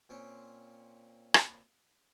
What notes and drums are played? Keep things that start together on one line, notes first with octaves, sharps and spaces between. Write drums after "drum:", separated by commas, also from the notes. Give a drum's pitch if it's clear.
A#2 C4 C#4
drum: rim click